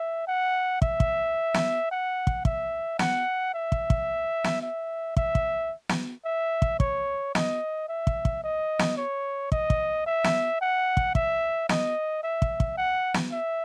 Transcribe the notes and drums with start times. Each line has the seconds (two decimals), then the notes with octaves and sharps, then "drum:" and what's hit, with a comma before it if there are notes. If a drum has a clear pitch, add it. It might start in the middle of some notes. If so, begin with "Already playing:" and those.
Already playing: E5
0.27 F#5
0.82 E5, drum: kick
1.00 drum: kick
1.54 drum: snare
1.91 F#5
2.27 drum: kick
2.45 E5, drum: kick
2.99 F#5, drum: snare
3.54 E5
3.72 drum: kick
3.90 drum: kick
4.44 drum: snare
4.62 E5
5.17 E5, drum: kick
5.35 drum: kick
5.89 drum: snare
6.25 E5
6.62 drum: kick
6.80 C#5, drum: kick
7.35 D#5, drum: snare
7.89 E5
8.07 drum: kick
8.25 drum: kick
8.44 D#5
8.79 drum: snare
8.97 C#5
9.52 D#5, drum: kick
9.70 drum: kick
10.06 E5
10.24 drum: snare
10.61 F#5
10.97 drum: kick
11.15 E5, drum: kick
11.69 D#5, drum: snare
12.23 E5
12.42 drum: kick
12.60 drum: kick
12.77 F#5
13.14 drum: snare
13.32 E5